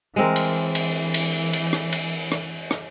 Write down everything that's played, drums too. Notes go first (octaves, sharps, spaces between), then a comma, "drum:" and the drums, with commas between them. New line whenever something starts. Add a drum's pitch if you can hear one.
E3 G#3 C4 A#4
drum: cymbal
drum: cymbal
drum: cymbal
drum: cymbal
drum: rim click
drum: cymbal
drum: rim click
drum: rim click